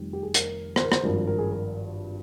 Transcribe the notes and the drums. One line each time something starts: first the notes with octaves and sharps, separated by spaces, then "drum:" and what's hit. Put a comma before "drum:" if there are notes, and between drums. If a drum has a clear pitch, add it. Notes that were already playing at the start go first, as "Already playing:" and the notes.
Already playing: F1 F2 D#3 G3
G4
G#4
A#4, drum: hi-hat
C5, drum: rim click
A#4
C5, drum: rim click
G#1 G2 F3 A#4
A#4
G#4
A#4